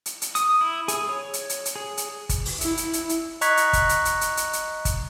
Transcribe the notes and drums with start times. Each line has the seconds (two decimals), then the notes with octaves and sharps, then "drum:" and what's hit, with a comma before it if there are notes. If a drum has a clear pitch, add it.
0.06 drum: hi-hat
0.22 drum: hi-hat
0.35 D#6, drum: hi-hat
0.61 E4
0.88 G#4, drum: hi-hat
1.09 C#5
1.34 drum: hi-hat
1.49 drum: hi-hat
1.65 drum: hi-hat
1.76 G#4
1.97 drum: hi-hat
2.29 drum: kick G1, hi-hat
2.45 drum: open hi-hat
2.61 E4, drum: hi-hat
2.77 drum: hi-hat
2.93 drum: hi-hat
3.09 drum: hi-hat
3.41 D#5 A#5 C#6 F#6 G#6 B6, drum: hi-hat
3.57 drum: hi-hat
3.73 drum: kick G1, hi-hat
3.89 drum: hi-hat
4.05 drum: hi-hat
4.21 drum: hi-hat
4.37 drum: hi-hat
4.53 drum: hi-hat
4.85 drum: kick G1, hi-hat